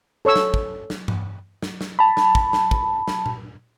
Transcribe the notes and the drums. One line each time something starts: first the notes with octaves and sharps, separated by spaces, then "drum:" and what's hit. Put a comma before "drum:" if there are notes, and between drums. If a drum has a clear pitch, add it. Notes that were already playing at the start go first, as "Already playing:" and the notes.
A4 C#5 C#6 E6
drum: snare
drum: kick
drum: snare
drum: tom G2
drum: snare
drum: snare
A5 B5
drum: snare
drum: kick
drum: snare
drum: kick
drum: snare
drum: tom A#2